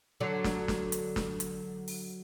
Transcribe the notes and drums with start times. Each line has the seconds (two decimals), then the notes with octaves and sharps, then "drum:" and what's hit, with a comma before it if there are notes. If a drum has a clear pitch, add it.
0.20 D3 F#3
0.44 drum: snare
0.68 drum: snare
0.92 drum: hi-hat
1.16 drum: snare
1.40 drum: hi-hat
1.88 drum: open hi-hat